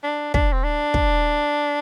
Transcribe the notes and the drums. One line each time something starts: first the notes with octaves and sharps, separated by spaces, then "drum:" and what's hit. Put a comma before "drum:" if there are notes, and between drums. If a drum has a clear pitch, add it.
D4
D4, drum: kick
C4
D4
drum: kick